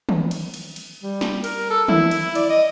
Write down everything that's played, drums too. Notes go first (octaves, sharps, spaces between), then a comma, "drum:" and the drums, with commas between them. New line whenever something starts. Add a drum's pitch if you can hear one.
drum: tom D#3
drum: cymbal
drum: cymbal
drum: cymbal
G3
drum: snare
A#4, drum: cymbal
A4
E4, drum: tom D#3
drum: cymbal
D5, drum: cymbal
D#5